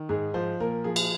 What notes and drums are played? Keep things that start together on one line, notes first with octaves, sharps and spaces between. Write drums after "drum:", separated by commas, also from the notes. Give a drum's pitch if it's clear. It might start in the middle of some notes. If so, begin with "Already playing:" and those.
Already playing: D#3
G#2 G#4
F3 C5
A#2 A#4
F3 G#4
drum: cymbal